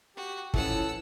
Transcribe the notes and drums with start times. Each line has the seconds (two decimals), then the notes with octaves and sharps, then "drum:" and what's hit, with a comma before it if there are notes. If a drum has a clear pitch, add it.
0.16 F#4 G4
0.54 E3 F3 C#4 A4 F#5 E6, drum: kick